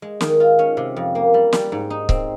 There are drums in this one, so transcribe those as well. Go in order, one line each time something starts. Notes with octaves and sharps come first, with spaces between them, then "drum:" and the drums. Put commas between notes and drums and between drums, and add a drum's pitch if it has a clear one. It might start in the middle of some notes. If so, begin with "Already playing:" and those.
G#3
D#3, drum: snare
F4
C#4
C3
F2
A#3
G3
G3, drum: snare
G#2
D#4
C4, drum: kick C#1